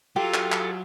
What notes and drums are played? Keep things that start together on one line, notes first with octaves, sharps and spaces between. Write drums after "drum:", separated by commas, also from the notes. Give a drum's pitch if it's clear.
F#3 F4 G4 A4
drum: clap
drum: clap